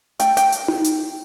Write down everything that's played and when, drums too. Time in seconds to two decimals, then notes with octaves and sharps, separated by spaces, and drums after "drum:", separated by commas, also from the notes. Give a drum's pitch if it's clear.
0.19 A3 G5, drum: hi-hat
0.37 G5, drum: hi-hat
0.52 drum: hi-hat
0.68 drum: tom D#4
0.84 drum: hi-hat